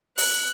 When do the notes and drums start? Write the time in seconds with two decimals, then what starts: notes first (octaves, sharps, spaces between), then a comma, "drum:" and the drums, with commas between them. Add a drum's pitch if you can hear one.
0.18 F#6, drum: open hi-hat